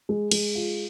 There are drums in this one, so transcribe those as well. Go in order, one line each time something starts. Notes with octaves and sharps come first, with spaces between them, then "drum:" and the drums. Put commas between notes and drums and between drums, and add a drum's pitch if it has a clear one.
G#3
G#3, drum: cymbal
F4